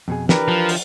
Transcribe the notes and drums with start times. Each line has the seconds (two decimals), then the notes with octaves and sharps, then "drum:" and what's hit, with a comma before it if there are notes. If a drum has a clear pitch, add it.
0.08 F2 B2 G#4
0.29 E3 D4 G4 A#4 B4, drum: snare
0.48 F3
0.69 drum: open hi-hat